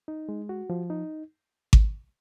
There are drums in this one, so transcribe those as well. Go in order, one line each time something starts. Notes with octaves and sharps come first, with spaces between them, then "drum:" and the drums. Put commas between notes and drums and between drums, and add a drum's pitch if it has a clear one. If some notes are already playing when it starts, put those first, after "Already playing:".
D#4
G#3
F#4
F3
D#4
drum: kick G#1